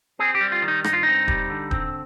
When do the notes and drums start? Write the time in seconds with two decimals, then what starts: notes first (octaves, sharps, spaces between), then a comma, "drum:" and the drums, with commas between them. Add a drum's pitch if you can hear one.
0.19 C4 G#4
0.35 G4
0.41 G3
0.52 F4
0.62 D#3
0.68 D#4
0.84 G2 D#4, drum: rim click
0.93 F4
1.03 C4 D#4
1.28 G3, drum: kick D#1
1.50 D3
1.71 C4, drum: kick D#1